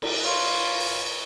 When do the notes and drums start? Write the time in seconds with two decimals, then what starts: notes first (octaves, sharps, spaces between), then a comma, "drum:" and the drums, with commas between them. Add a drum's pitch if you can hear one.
0.02 drum: cymbal
0.25 F4 B4 C#5 F5 C6
0.80 drum: open hi-hat